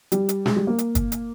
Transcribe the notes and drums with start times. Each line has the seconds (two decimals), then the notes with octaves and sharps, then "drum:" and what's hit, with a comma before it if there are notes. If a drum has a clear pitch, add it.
0.12 G3, drum: hi-hat
0.29 drum: hi-hat
0.46 G#3, drum: snare
0.56 G3
0.67 A#3
0.79 drum: hi-hat
0.95 drum: kick, hi-hat
1.12 drum: hi-hat